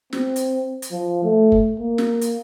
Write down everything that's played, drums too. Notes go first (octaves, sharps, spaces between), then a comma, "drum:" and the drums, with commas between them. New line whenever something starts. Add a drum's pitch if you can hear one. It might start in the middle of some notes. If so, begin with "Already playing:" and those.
C4, drum: snare
drum: hi-hat
drum: hi-hat
F3
A3
drum: kick
A#3
drum: snare
drum: hi-hat